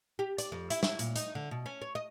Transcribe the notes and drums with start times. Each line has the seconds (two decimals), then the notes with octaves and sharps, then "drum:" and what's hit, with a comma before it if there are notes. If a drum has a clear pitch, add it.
0.19 G4
0.38 D5, drum: hi-hat
0.52 F2
0.70 E4, drum: hi-hat
0.83 E4, drum: snare
0.99 A#2, drum: hi-hat
1.16 D#4, drum: hi-hat
1.35 D3
1.51 B2
1.66 C#4
1.82 C#5
1.95 D#5